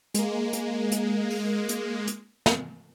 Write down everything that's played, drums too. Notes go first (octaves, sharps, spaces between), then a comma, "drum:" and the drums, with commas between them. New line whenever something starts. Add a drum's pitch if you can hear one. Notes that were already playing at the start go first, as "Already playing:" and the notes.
G#3 A#3, drum: hi-hat
drum: hi-hat
drum: hi-hat
drum: open hi-hat
drum: hi-hat
drum: hi-hat
drum: snare